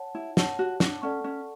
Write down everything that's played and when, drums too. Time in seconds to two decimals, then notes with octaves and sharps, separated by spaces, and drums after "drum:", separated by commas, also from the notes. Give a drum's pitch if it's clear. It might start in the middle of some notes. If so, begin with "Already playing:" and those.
Already playing: C#5 F#5 A5
0.15 E4
0.37 C#5 F#5 A5, drum: snare
0.59 F#4
0.80 D4, drum: snare
1.02 C#4 A4 D5 F#5 A5 C#6
1.24 C#4